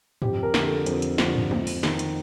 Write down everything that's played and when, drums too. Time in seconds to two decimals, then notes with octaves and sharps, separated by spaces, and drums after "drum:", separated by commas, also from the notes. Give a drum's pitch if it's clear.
0.22 F2 G4, drum: tom
0.43 A#4
0.54 D3 F3, drum: snare
0.64 A4
0.86 F2, drum: hi-hat
1.02 drum: hi-hat
1.18 D3 F3, drum: snare
1.35 drum: tom
1.51 F2, drum: tom G#3
1.67 drum: open hi-hat
1.83 D#3, drum: snare
1.99 drum: hi-hat